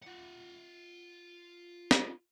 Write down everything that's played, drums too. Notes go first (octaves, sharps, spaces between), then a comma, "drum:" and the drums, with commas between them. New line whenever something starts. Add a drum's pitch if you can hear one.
F4 F#5
drum: snare